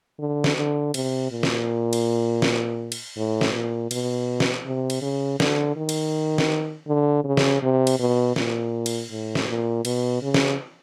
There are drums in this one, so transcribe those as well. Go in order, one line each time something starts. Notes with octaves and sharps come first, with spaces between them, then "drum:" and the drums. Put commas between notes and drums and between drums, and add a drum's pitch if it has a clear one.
D3
drum: snare
D3
C3, drum: cymbal
A#2
drum: snare
drum: cymbal
drum: snare
drum: cymbal
A2
drum: snare
A#2
B2, drum: cymbal
drum: snare
C3
drum: cymbal
C#3
D3, drum: snare
D#3
drum: cymbal
drum: snare
D3
C#3
drum: snare
C3
drum: cymbal
B2
A#2, drum: snare
drum: cymbal
A2
drum: snare
A#2
B2, drum: cymbal
C#3
drum: snare